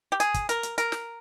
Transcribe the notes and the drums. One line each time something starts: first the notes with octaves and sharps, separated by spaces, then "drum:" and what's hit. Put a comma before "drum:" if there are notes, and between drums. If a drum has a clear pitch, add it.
G4
G#4, drum: hi-hat
drum: kick, hi-hat
A#4, drum: hi-hat
drum: hi-hat
A#4, drum: hi-hat
drum: snare